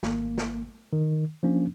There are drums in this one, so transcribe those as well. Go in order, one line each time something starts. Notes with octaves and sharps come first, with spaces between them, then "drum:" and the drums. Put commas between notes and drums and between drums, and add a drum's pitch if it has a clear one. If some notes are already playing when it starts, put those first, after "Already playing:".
G#1 A#3, drum: snare
drum: snare
D#3
F3 A#3 C#4 D4